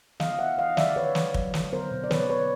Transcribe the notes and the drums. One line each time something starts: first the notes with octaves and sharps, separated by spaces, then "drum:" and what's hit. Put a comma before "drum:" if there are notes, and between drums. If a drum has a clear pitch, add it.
B3 D#5 F5, drum: snare
B3 E5 F#5
E3 D#5 F5
E3 D5 E5, drum: snare
D3 B4 C#5
F#3, drum: snare
F#3, drum: kick
D3, drum: snare
B3 A#4 C5
B2
D5
B3 B4 C#5, drum: snare
B3 B4 C#5